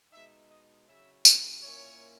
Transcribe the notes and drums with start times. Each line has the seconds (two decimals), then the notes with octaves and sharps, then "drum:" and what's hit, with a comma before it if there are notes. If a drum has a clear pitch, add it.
0.12 B2 G#3 D#4 E5
0.49 D#5
0.87 C#3 F#3 C#4 E4 E5
1.25 drum: tambourine
1.62 A#2 A#3 C#4 E4 C#5